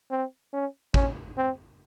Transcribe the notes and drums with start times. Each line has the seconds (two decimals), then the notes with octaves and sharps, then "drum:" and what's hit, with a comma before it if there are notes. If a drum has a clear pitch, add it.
0.11 C4
0.53 C#4
0.94 C#4, drum: kick
1.37 C4